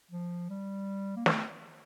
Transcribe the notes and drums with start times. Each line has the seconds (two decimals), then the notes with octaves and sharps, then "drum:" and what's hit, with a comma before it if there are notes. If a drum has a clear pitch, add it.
0.11 F3
0.50 G3
1.16 A#3
1.26 A3, drum: snare